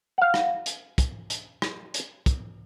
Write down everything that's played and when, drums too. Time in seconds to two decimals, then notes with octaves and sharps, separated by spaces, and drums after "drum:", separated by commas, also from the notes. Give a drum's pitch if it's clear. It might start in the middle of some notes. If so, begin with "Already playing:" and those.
0.18 F5 F#5
0.34 drum: rim click
0.66 drum: hi-hat
0.98 drum: kick, hi-hat
1.30 drum: hi-hat
1.62 drum: rim click
1.94 drum: hi-hat
2.26 drum: kick, hi-hat